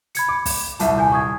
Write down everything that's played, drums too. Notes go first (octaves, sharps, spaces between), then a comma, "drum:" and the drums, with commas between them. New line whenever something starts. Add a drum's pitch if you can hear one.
B5 G#6 C#7, drum: hi-hat
D6
drum: kick, open hi-hat
D#1 C2 E5 A5, drum: hi-hat
G#5 G6
C#6 D#6 G#6